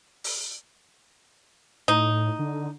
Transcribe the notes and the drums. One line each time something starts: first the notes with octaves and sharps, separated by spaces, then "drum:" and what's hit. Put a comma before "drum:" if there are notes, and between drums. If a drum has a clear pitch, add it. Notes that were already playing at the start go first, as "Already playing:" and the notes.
drum: open hi-hat
A2 D#4, drum: hi-hat
D3